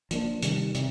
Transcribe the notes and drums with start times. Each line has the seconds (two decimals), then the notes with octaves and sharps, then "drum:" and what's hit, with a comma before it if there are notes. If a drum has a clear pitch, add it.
0.11 F3 A#3 D4, drum: hi-hat
0.43 C3 D#3 G3, drum: hi-hat
0.75 C3, drum: hi-hat